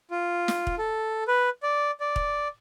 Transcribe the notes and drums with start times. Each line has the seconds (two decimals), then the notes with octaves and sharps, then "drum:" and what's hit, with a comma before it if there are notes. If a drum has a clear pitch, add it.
0.11 F4
0.48 drum: snare
0.67 drum: kick
0.78 A4
1.28 B4
1.63 D5
2.01 D5
2.16 drum: kick